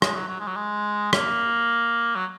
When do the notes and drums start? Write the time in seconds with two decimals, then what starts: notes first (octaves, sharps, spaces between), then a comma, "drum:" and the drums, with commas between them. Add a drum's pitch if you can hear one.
0.02 G#3, drum: rim click
0.15 F#3
0.27 F#3
0.40 G#3
0.47 F#3
0.56 G#3
1.13 A#3, drum: rim click
2.16 F#3